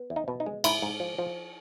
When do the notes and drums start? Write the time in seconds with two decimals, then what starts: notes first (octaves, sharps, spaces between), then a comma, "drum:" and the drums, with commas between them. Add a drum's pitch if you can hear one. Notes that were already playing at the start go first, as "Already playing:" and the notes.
Already playing: B3
0.10 E2
0.16 D#4
0.28 B2
0.40 D#4
0.46 G#3
0.64 G#2 E4, drum: cymbal
0.82 G#2
1.00 F3
1.18 F3